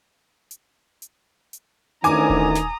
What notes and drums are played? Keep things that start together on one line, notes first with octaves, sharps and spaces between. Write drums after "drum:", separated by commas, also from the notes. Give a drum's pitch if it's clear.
drum: hi-hat
drum: hi-hat
drum: hi-hat
D2 D#3 E3 C#4 G#5 A#5 D6 D#6, drum: hi-hat
drum: kick D#1
drum: snare